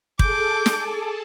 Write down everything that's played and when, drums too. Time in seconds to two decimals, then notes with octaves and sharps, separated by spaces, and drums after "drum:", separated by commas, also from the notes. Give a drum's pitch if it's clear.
0.19 G#4 A4 A5 D6 G6, drum: kick
0.66 drum: snare